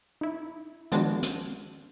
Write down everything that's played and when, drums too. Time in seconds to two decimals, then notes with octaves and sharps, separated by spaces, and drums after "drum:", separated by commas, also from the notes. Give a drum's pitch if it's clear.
0.21 D#4 E4
0.92 D#3 F3 G#3 B3 D4 F#4, drum: hi-hat
1.23 drum: hi-hat